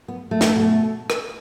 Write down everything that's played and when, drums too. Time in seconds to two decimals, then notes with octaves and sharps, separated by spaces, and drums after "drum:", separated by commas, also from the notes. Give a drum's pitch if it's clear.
0.08 B3
0.31 A3
0.41 drum: snare
0.56 B2 A3
1.10 drum: rim click